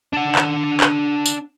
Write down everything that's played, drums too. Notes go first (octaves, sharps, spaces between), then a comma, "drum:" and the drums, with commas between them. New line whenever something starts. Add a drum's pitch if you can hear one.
D4 F#5
drum: clap
drum: clap
drum: tambourine